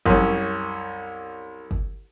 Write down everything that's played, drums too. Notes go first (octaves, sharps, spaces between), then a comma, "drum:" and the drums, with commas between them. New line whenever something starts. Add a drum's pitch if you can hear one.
C2 F#2 C#4, drum: kick G1
drum: kick G1